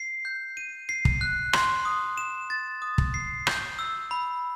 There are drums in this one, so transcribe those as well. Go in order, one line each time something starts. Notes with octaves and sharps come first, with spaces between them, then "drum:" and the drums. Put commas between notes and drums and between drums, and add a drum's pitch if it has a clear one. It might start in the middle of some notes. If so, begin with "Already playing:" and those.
Already playing: C7
G6
D#7
C7
drum: kick
F#6
C6, drum: rim click
D#6
E7
A6
D#6
drum: kick
C7
G6, drum: rim click
E6
B5